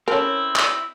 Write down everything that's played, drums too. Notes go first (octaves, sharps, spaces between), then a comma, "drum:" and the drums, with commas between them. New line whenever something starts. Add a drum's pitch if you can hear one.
C4 C#4 E4 A4 A#4
drum: clap